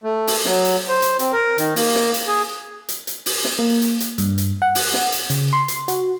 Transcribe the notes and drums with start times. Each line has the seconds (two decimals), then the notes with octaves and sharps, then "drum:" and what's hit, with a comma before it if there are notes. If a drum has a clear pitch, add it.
0.04 A3
0.27 drum: open hi-hat
0.45 F#3, drum: snare
0.65 drum: hi-hat
0.89 C5
1.02 drum: hi-hat
1.19 C4, drum: hi-hat
1.33 A#4
1.58 D#3, drum: hi-hat
1.76 A#3, drum: open hi-hat
1.95 drum: snare
2.14 drum: hi-hat
2.28 G#4
2.89 drum: hi-hat
3.07 drum: hi-hat
3.26 drum: open hi-hat
3.44 drum: snare
3.59 A#3
3.82 drum: hi-hat
4.00 drum: hi-hat
4.18 G2, drum: hi-hat
4.38 drum: hi-hat
4.62 F#5
4.75 drum: open hi-hat
4.94 drum: snare
5.12 drum: hi-hat
5.30 C#3, drum: hi-hat
5.53 C6
5.68 drum: hi-hat
5.88 F#4, drum: hi-hat